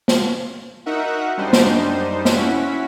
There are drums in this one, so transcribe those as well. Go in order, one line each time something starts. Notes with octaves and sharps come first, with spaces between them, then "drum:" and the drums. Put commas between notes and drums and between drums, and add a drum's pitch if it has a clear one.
drum: snare
D#4 F#4 A#4 E5 F#5
F#2 G3 D4 D#4 C5
drum: snare
C#4 E4 F#4 B6, drum: snare